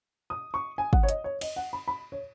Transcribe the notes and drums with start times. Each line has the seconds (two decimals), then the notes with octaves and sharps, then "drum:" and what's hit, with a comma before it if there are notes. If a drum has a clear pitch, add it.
0.30 D#6
0.54 C#6
0.78 G#5
0.93 F#5, drum: kick
1.03 C#5
1.09 D#5, drum: hi-hat
1.24 C#5
1.41 D#5, drum: cymbal
1.56 F#5
1.73 B5
1.88 B5
2.12 C#5